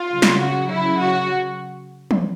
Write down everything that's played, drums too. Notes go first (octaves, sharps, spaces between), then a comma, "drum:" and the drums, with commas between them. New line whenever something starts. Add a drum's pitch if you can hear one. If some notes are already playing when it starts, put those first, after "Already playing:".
Already playing: F4
C#3 F#3
drum: snare
F#4
C#3 F#3 E4
F#4
drum: tom